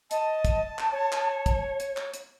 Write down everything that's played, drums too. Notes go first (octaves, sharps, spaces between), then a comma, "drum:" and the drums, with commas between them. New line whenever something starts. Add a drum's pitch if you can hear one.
D#5 A5, drum: hi-hat
drum: kick, hi-hat
drum: clap
C#5
drum: clap
drum: kick, hi-hat
drum: hi-hat
drum: clap
drum: hi-hat